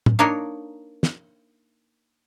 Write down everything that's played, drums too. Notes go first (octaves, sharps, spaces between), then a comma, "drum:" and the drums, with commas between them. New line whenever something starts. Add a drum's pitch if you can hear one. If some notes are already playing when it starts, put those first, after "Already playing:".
drum: tom
A#3 D4 D#4 A#4 C#5 F5
drum: snare